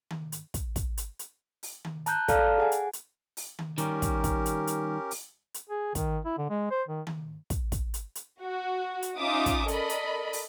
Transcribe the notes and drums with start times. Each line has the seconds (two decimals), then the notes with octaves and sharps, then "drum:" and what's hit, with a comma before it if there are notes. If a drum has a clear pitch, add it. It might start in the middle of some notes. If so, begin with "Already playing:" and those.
0.10 drum: tom D#3
0.32 drum: hi-hat
0.54 drum: kick, hi-hat
0.76 drum: kick, hi-hat
0.97 drum: hi-hat
1.19 drum: hi-hat
1.63 drum: open hi-hat
1.85 drum: tom D#3
2.06 A5 A#5 F#6 G6, drum: hi-hat
2.28 A4 D5 F5 A5 A#5 F6, drum: kick, hi-hat
2.58 G#4 F#5 G#5
2.72 drum: hi-hat
2.93 drum: hi-hat
3.37 drum: open hi-hat
3.59 drum: tom D#3
3.78 D#3 G3 C#4 G4 A#4, drum: hi-hat
4.02 drum: kick, hi-hat
4.24 drum: kick, hi-hat
4.46 drum: hi-hat
4.67 drum: hi-hat
5.11 drum: open hi-hat
5.54 drum: hi-hat
5.70 G#4
5.95 D#3, drum: kick, hi-hat
6.25 E4
6.38 D3
6.50 G#3
6.71 C5
6.88 D#3
7.07 drum: tom D#3
7.50 drum: kick, hi-hat
7.72 drum: kick, hi-hat
7.94 drum: hi-hat
8.15 drum: hi-hat
8.42 F#4
9.02 drum: hi-hat
9.18 C#4 D#4 F4 E5 D6 D#6
9.46 drum: kick, hi-hat
9.68 A4 A#4 D5 D#5 B5, drum: hi-hat
9.89 drum: hi-hat
10.33 drum: open hi-hat